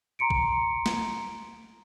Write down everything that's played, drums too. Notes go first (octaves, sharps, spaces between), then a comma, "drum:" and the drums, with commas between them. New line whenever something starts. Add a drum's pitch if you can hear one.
A#5 C6 C#7 D7
drum: kick
drum: snare